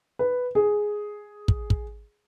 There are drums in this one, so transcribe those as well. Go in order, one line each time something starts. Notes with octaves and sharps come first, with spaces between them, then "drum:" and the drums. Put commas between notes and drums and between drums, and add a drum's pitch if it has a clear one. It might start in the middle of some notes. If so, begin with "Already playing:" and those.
B4
G#4
drum: kick
drum: kick